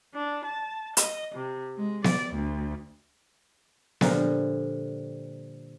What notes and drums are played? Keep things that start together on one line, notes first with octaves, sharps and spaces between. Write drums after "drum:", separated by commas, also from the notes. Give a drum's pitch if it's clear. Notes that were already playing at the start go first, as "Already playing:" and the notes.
D4
A5
D#5, drum: hi-hat
C3
G#3
D5, drum: snare B3
D2
A#2 D3 F3 G3 A#4, drum: snare B3